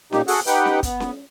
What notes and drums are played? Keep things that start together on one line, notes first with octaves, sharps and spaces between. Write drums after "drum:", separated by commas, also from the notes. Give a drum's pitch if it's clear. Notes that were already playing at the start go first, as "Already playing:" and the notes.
A#2 A#3 D#4 G4, drum: snare C#4
F#4 G#4 A4 F#5, drum: open hi-hat
D#4 G4 B4 F#5 G5, drum: hi-hat
drum: snare C#4
B3, drum: kick, hi-hat
drum: snare C#4